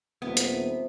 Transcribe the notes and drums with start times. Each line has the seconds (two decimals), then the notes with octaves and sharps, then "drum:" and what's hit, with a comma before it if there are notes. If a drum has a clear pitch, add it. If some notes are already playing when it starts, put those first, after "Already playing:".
0.22 D#1 C3 F3 B3
0.37 drum: hi-hat